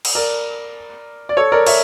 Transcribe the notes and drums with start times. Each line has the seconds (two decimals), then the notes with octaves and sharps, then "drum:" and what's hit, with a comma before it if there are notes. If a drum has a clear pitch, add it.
0.05 drum: cymbal
0.15 A#4 D5
1.29 D5
1.37 A4 C#5
1.52 A#4 D5
1.67 C#5 E5, drum: cymbal